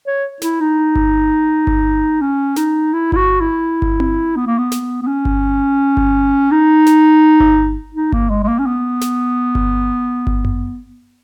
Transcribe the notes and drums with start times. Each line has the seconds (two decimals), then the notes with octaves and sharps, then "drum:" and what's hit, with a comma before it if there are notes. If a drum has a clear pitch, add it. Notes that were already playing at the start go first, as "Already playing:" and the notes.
0.06 C#5
0.42 E4, drum: snare
0.60 D#4
0.95 drum: kick G1
1.67 drum: kick G1
2.21 C#4
2.56 D#4, drum: snare
2.93 E4
3.12 E4, drum: kick G1
3.16 F#4
3.40 E4
3.82 drum: kick G1
4.00 drum: tom C4
4.36 B3
4.46 A#3
4.58 B3
4.72 drum: snare
5.02 B3
5.07 C#4
5.25 drum: kick G1
5.97 drum: kick G1
6.51 D#4
6.86 drum: snare
7.40 drum: kick G1
7.94 D#4
8.12 A#3, drum: kick G1
8.29 G#3
8.43 G#3
8.48 A#3
8.59 C#4
8.66 B3
9.01 drum: snare
9.55 drum: kick G1
10.27 drum: kick G1
10.45 drum: tom F#2